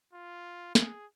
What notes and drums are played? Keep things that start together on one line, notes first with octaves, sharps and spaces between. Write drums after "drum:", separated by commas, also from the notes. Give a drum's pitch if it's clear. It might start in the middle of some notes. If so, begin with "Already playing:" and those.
F4
G#4, drum: snare